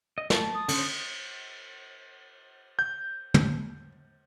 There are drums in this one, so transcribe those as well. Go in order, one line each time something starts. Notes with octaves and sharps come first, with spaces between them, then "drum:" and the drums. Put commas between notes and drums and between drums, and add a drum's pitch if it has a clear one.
D#5
A5, drum: snare
D#6
D3 C#4 C5, drum: cymbal
G6
drum: tom